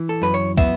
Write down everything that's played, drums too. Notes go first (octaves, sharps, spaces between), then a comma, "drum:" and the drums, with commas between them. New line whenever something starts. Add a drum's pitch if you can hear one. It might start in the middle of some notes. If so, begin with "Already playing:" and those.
Already playing: E3
A4
F#2 B4
C#5
B3 E5, drum: kick, hi-hat